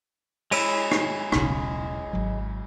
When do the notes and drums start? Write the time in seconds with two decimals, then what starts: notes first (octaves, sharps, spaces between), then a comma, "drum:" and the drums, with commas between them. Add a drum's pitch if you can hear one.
0.51 G#3 C#5 E6, drum: cymbal
0.91 drum: rim click
1.32 D#1 B1 C#3, drum: rim click
2.13 G#1 F#3